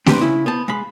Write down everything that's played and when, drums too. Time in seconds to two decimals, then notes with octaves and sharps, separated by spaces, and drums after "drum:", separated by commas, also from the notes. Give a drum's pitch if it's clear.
0.06 C4 D4 G4 A4 B4 C5, drum: snare A3
0.21 C#3 C#4 E4
0.46 B3 C5 A5
0.68 G#3 F5 B5